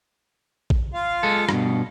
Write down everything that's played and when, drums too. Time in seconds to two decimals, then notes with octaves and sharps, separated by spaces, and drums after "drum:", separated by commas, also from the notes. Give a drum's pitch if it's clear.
0.70 drum: kick A1
0.94 F4 F5
1.23 G#3 A4
1.49 G2 B2, drum: rim click